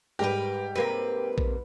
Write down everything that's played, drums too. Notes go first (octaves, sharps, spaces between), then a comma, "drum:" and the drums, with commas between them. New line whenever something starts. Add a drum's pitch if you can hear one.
G#2 G3 G4 A#4 B4 G5
C3 A#3 A#4 B4
drum: kick A#1